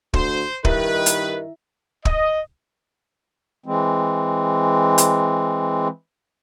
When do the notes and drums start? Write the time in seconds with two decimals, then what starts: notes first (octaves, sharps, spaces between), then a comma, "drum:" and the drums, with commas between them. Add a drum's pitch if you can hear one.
0.14 D2 C5, drum: kick
0.65 G2 D#3 E4 B4 E5, drum: kick
1.06 drum: hi-hat
2.05 D#5, drum: kick
3.66 E3 G#3 C4
4.98 drum: hi-hat